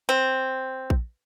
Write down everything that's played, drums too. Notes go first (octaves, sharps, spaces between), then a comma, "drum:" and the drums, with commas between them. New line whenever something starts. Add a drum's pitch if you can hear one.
C4
drum: kick A#1